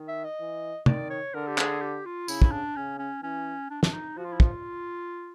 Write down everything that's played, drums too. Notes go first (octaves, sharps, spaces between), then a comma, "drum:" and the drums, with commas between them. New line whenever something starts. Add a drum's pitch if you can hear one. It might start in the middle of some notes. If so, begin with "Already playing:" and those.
Already playing: D#3
E5
D#5
E3
D#3 D5, drum: tom
C#5
D3 A#4
G4
G#4, drum: clap
G4
F4
C#3 E4, drum: tambourine
drum: kick
D4
C#3 C#4
C#4
E3 C#4
D4
D4, drum: snare
D#4
F3 F#4
F4
E4
F4, drum: kick